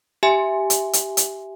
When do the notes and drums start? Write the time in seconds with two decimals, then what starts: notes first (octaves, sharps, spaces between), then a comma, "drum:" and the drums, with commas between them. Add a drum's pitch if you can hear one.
0.23 G4 E5 G#5
0.70 drum: hi-hat
0.93 drum: hi-hat
1.17 drum: hi-hat